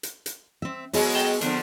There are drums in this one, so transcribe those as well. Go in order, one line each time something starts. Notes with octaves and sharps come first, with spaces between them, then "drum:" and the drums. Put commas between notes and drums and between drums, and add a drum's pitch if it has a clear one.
drum: hi-hat
drum: hi-hat
C4 E5
F#3 G#3 B3 F#4 G#4, drum: open hi-hat
A4 D#5 G5
D3 E3 F3 B3 C4 D4, drum: hi-hat